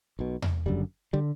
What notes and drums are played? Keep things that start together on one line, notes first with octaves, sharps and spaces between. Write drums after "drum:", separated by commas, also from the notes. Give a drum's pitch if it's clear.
B1 B2
drum: tom E2
F#1 F#2 D3 G3
D3 G3